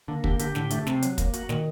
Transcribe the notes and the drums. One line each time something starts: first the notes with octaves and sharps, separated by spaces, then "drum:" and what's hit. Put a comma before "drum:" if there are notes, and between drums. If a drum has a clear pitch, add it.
D3 A#3
D3 G4, drum: kick
D3 G4, drum: hi-hat
A2 D3, drum: snare
D3 A3, drum: hi-hat
C3 C4, drum: snare
F#3, drum: hi-hat
A#3, drum: kick, hi-hat
F#4, drum: hi-hat
A#2 D#3, drum: snare